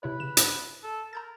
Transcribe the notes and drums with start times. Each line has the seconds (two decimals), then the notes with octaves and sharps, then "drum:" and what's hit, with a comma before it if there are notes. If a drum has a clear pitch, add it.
0.03 C3 E4 B4 C#5
0.20 C#3 E7
0.37 G2, drum: hi-hat
0.83 A4
1.13 A#4 A#5 G6 A6